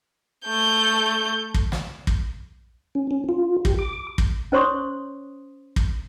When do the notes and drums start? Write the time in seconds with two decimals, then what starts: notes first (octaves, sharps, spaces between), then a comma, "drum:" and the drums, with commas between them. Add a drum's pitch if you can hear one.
0.45 A3 G6
1.54 drum: kick
1.72 drum: snare
2.07 drum: kick
2.95 C#4
3.11 C#4
3.29 F4
3.65 G4, drum: kick
3.79 D6
4.18 drum: kick
4.52 C#4 C5 C#5 C6 C#6 D#6
5.76 drum: kick